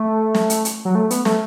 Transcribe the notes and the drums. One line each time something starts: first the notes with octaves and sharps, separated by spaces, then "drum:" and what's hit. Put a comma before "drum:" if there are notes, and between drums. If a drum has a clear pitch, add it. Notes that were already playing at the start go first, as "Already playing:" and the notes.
Already playing: A3
drum: snare
drum: hi-hat
drum: hi-hat
F#3
A3
B3, drum: hi-hat
A3, drum: snare